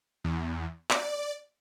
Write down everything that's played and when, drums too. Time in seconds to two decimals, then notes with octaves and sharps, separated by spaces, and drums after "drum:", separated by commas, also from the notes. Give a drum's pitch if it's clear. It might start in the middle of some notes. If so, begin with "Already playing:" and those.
0.24 E2
0.90 D5, drum: clap